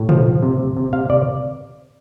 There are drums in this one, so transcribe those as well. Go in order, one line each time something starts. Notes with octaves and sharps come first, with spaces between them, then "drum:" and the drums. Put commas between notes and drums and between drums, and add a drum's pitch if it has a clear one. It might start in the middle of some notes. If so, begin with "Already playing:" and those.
Already playing: A2
F3, drum: tom
F3
C3
C3
C3
C3 F5
C3 D5